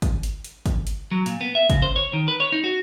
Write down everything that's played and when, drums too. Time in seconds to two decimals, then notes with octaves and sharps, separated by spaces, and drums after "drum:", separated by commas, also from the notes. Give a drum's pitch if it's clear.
0.02 drum: kick, hi-hat
0.23 drum: hi-hat
0.44 drum: hi-hat
0.66 drum: kick, hi-hat
0.87 drum: hi-hat
1.11 F#3
1.26 A#2, drum: hi-hat
1.41 B3
1.55 E5
1.70 C#3, drum: kick, hi-hat
1.82 C5
1.96 C#5
2.13 D#3
2.28 B4
2.40 C#5
2.52 D#4
2.64 F#4